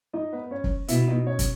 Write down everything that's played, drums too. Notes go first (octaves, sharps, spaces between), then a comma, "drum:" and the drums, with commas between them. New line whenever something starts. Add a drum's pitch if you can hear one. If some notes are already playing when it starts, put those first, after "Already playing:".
D#4 D#5
B3 B4
B4
C#4 C#5
drum: kick
B2 E4 E5, drum: hi-hat
D#4 D#5
C#4 C#5
drum: kick, hi-hat